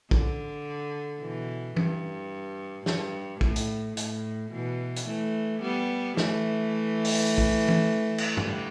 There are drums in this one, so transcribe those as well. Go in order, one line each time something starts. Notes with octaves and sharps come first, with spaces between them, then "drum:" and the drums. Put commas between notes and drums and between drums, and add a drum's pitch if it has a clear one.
D3, drum: kick
B2 E3
G2, drum: tom E3
G2, drum: snare
A2, drum: kick
drum: hi-hat
A2, drum: hi-hat
B2 E3
drum: hi-hat
E3 A3
G3 B3
E3 A3, drum: snare
drum: open hi-hat
drum: kick
drum: tom E3
drum: cymbal
D3 G3, drum: tom G2